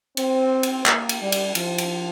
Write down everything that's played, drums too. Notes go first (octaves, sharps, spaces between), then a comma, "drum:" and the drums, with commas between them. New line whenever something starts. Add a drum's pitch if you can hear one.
C4, drum: cymbal
drum: cymbal
A#3, drum: clap
drum: cymbal
G3
drum: cymbal
F3, drum: cymbal
drum: cymbal